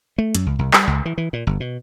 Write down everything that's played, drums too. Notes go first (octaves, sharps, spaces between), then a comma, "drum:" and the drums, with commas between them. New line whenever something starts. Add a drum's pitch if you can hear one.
A3
F#2, drum: hi-hat
C#2
C2
G3, drum: clap
C#2
E3
E3
A#2
G1
B2